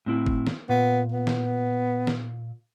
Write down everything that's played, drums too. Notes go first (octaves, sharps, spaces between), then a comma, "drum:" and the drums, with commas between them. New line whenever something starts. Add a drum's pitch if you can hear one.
A2 C4 E4
drum: kick
drum: snare
A#2 B3
B3
drum: snare
drum: snare